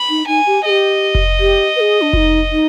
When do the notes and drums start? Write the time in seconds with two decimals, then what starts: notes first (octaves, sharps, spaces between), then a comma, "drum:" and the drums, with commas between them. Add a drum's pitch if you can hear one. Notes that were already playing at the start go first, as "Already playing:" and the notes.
Already playing: B5
0.09 D#4
0.27 D#4 G#5
0.46 G4
0.65 G4 G#4 D#5
1.15 drum: kick F1
1.40 G4
1.76 B4
1.81 G#4
2.02 D4
2.13 F4, drum: kick F1
2.17 D#4
2.52 D#4